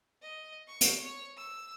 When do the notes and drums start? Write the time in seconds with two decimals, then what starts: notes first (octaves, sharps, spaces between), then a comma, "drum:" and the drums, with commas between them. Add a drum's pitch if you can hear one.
0.22 D#5
0.68 C#6
0.81 drum: hi-hat
1.00 C#5
1.37 E6